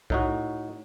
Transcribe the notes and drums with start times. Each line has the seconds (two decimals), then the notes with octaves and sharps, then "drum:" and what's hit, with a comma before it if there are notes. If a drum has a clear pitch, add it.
0.10 A2 D#4 F#4, drum: kick